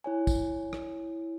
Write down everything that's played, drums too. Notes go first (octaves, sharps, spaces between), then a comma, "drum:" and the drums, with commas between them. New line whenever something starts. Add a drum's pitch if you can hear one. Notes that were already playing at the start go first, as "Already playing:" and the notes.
E4 C#5 G#5
drum: kick, tambourine
drum: rim click